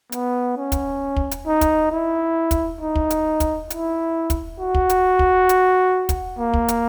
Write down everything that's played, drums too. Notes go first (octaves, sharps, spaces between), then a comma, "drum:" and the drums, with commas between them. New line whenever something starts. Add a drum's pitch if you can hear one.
B3, drum: hi-hat
C#4
drum: kick, hi-hat
drum: kick
drum: hi-hat
D#4
drum: kick, hi-hat
E4
drum: kick, hi-hat
D#4
drum: kick
drum: hi-hat
drum: kick, hi-hat
E4, drum: hi-hat
drum: kick, hi-hat
F#4
drum: kick
drum: hi-hat
drum: kick
drum: hi-hat
drum: kick, hi-hat
A#3
drum: kick
drum: hi-hat